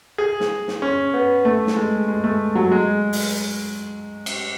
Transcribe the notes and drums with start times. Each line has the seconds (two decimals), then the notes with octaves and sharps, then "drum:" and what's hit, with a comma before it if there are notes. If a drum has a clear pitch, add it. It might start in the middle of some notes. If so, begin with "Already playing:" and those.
0.18 G#4
0.40 drum: snare
0.68 drum: snare
0.82 C#4
1.14 B3
1.45 A3
1.67 drum: snare
1.76 G#3
2.08 G#3
2.24 A3
2.55 F#3
2.72 G#3
3.13 drum: open hi-hat
4.26 drum: cymbal